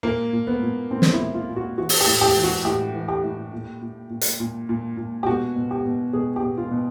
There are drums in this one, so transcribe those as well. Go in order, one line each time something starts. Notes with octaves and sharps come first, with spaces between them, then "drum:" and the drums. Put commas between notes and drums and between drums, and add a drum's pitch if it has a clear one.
A#2 A#3
A#2
B3
A#2
A#2 C4
drum: snare
E4
A#2
F4
A#2
F#4
E3 F#4
drum: open hi-hat
G4
A2
G4
E3
F#4
A2 G4
E3
G4
A2
A#2
A#2
A#2
drum: hi-hat
A#2
A#2
A#2
G4
B2 F#4
B2
G4
B2
B2 G#4
G4
B2
F4
B2